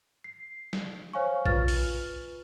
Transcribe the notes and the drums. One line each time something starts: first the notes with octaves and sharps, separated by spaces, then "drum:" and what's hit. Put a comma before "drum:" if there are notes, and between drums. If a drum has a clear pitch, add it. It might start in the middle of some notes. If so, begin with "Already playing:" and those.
C7
drum: snare
C5 C#5 F5 G#5 C#6
F4 B4 F6 A6, drum: kick A#1
drum: open hi-hat